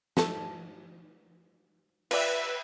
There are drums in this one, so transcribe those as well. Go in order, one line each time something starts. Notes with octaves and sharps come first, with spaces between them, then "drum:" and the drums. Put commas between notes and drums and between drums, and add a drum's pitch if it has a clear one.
A3 A4, drum: snare
F4 B4 D5 E5, drum: cymbal